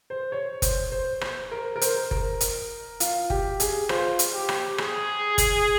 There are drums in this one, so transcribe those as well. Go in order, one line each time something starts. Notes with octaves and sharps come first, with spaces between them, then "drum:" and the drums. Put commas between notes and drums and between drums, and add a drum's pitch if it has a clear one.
C5
C#5
C5, drum: kick F#1, hi-hat
C5
C5, drum: rim click
A#4
A#4
C5, drum: hi-hat
A#4, drum: kick F#1
drum: hi-hat
F4, drum: hi-hat
G4, drum: kick F#1
G#4, drum: hi-hat
F4 C5, drum: rim click
drum: hi-hat
G4
drum: rim click
G#4, drum: rim click
drum: kick F#1, hi-hat